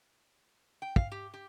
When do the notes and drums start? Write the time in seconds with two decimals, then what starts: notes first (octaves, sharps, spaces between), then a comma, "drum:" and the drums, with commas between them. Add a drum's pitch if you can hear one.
0.82 G5
0.96 F5, drum: kick
1.12 G4
1.34 G4